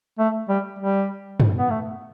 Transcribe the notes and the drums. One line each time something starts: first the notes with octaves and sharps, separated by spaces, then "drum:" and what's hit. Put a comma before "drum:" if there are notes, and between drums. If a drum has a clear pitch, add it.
A3
G3
G3
drum: tom
B3
A3